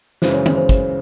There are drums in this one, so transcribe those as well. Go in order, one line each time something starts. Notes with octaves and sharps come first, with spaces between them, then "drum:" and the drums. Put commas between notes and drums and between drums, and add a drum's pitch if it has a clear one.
F#2 C#3 E3 G#3 C5, drum: snare
C#5
drum: tom
C5
drum: kick, hi-hat